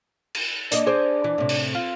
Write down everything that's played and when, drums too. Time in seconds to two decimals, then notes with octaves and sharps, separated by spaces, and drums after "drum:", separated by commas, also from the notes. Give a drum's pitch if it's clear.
0.35 drum: cymbal
0.72 A#3 D4 D#5, drum: hi-hat
0.86 G#4 C5 D5
1.24 E3
1.38 A2 C3
1.49 drum: cymbal
1.75 F4